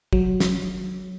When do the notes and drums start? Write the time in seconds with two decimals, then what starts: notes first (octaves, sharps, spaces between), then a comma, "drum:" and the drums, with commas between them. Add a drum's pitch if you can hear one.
0.13 F#3, drum: kick
0.40 drum: snare